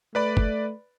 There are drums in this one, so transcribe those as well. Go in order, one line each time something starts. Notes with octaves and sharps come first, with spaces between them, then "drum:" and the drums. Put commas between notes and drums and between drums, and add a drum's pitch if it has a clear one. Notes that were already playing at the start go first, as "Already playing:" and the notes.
A3 B4 D5 B5
drum: kick